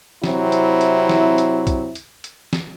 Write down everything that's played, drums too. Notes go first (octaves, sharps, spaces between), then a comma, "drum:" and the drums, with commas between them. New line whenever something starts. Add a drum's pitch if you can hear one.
C3 F#3 C4 E4, drum: snare
drum: hi-hat
drum: hi-hat
drum: snare
drum: hi-hat
drum: kick A#1, hi-hat
drum: hi-hat
drum: hi-hat
drum: snare